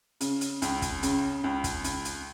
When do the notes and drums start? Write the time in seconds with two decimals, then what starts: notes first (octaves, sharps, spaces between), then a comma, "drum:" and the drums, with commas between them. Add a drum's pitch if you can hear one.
0.21 C#3, drum: hi-hat
0.41 drum: hi-hat
0.62 C#2, drum: hi-hat
0.82 drum: kick, hi-hat
1.03 C#3, drum: hi-hat
1.44 C#2
1.64 drum: kick, hi-hat
1.84 C#2, drum: hi-hat
2.05 drum: hi-hat